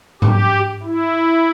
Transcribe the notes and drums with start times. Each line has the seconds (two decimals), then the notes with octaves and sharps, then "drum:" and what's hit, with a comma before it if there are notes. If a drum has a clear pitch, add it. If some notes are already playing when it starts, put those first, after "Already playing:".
0.22 G4, drum: tom G#2
0.83 E4